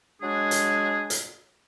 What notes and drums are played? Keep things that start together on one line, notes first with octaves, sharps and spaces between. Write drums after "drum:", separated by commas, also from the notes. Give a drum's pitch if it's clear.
F#3 G#3 D4 G#4
drum: hi-hat
drum: hi-hat